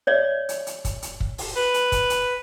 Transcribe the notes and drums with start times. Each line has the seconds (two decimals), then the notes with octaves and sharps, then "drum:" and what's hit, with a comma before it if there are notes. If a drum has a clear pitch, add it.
0.07 C#5 D5 E5
0.49 drum: hi-hat
0.67 drum: hi-hat
0.85 drum: kick, hi-hat
1.02 drum: hi-hat
1.20 drum: kick
1.38 drum: open hi-hat
1.56 B4
1.74 drum: hi-hat
1.92 drum: kick, hi-hat
2.10 drum: hi-hat